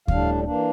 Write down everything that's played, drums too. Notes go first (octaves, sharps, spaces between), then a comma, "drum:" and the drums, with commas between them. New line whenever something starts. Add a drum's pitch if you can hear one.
A2 G3 D4 F5, drum: kick D2
E3 A#3 D4